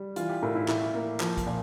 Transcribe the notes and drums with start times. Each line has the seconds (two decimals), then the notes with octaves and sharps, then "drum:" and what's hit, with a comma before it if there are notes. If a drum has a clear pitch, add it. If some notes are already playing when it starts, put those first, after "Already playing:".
Already playing: G3
0.16 E3 F4, drum: hi-hat
0.29 G4
0.42 A2 A#4
0.55 E4
0.68 A2 E4, drum: clap
0.94 A#3
1.20 F3, drum: clap
1.38 drum: kick, hi-hat
1.47 A#2